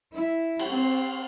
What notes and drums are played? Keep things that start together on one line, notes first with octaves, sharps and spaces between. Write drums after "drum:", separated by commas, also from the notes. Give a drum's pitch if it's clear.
E4
drum: cymbal
C4